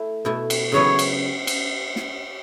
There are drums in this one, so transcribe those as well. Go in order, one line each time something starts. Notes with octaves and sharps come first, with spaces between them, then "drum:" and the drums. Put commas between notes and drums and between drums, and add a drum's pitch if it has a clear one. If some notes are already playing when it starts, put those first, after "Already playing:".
Already playing: A3 E4
B2 A3 E4
drum: cymbal
C#3 F#3 B3 E4 C#5
drum: cymbal
drum: cymbal
drum: snare